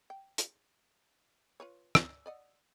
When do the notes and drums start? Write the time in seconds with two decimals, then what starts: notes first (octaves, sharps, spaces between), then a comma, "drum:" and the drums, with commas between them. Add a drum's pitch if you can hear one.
0.10 G5
0.38 drum: hi-hat
1.60 F4 B4 C#5
1.95 D#4, drum: rim click
2.26 D5 D#5 F#5